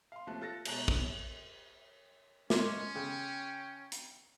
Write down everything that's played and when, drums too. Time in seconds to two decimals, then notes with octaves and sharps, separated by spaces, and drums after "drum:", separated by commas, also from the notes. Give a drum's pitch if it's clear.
0.12 F5 C6
0.27 D#2 C3 F3 A3 A5 F#6
0.41 F4 A4 F#6 A6 A#6
0.65 B2 G#3 C#5 A5 A#5 F#6, drum: cymbal
0.88 B2, drum: kick
2.50 G#3 C#4 C6 D6, drum: snare
2.95 C#3 G5
3.92 drum: hi-hat